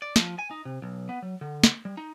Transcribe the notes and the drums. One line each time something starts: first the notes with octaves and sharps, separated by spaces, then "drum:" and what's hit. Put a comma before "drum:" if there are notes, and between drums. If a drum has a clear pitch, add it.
D5
F3, drum: snare
G#5
D#4
C3
B1
B3
F#3
D3
drum: snare
G3
D#4